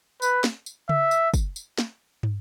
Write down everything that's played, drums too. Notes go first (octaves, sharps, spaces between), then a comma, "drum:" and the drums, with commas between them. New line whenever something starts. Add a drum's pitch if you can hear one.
B4, drum: tambourine
drum: snare
drum: tambourine
E5, drum: tom C#3
drum: tambourine
drum: kick, tambourine
drum: tambourine
drum: snare
drum: tom